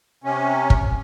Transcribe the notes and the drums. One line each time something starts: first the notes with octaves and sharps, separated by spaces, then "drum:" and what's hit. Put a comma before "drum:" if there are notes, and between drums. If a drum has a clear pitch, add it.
C3 C#4
drum: kick